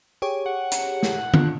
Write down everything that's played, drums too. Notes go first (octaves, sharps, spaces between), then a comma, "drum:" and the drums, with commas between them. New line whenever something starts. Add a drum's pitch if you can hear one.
G4 G#4 C#5
F#5
drum: hi-hat
drum: snare
D3 F4, drum: tom D3